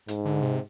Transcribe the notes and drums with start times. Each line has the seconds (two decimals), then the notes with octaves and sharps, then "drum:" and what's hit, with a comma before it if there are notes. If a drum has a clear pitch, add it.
0.08 G#2, drum: hi-hat
0.25 D3
0.42 C3